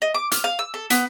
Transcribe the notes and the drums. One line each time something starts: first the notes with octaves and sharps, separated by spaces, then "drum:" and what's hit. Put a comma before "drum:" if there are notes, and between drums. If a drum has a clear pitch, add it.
D#5
D6
F6, drum: hi-hat
F5
E6
A4
B3, drum: hi-hat